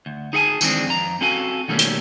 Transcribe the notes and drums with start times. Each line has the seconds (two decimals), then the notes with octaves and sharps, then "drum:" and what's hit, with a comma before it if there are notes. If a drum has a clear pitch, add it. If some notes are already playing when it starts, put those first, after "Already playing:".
0.06 D2
0.33 D#4 G#4 F#5 G#5 A5
0.61 D#3 E3 G#3 B3 C4 D4, drum: tambourine
0.86 F2 A#5
1.21 C4 C#4 F#4 A4 F5 G#5
1.68 B2 D#3 G3 A3 A#3 C#4
1.79 drum: hi-hat